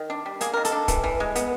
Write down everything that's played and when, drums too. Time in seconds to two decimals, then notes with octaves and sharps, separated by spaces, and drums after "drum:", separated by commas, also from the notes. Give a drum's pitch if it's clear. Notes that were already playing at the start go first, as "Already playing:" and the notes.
Already playing: D#3
0.10 D4
0.26 G3
0.41 A#3 G#4, drum: hi-hat
0.53 D#3 A#4
0.65 A4, drum: hi-hat
0.72 D4
0.88 E3, drum: kick, hi-hat
1.04 E3
1.20 G#3
1.35 B3, drum: hi-hat